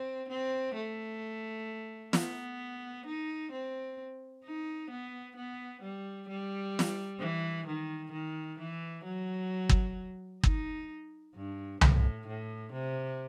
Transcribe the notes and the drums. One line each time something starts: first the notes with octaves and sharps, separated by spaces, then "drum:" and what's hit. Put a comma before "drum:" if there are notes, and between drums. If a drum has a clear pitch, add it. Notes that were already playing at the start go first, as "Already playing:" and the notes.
Already playing: C4
C4
A3
B3, drum: snare
D#4
C4
D#4
B3
B3
G3
G3
drum: snare
E3
D#3
D#3
E3
F#3
drum: kick
D#4, drum: kick
G2
A2, drum: tom C2
A2
C3